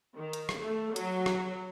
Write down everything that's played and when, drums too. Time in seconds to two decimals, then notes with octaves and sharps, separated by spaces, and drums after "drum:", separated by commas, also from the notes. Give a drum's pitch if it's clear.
0.18 D#3
0.33 drum: hi-hat
0.49 drum: rim click
0.58 A3
0.96 F#3, drum: hi-hat
1.26 drum: rim click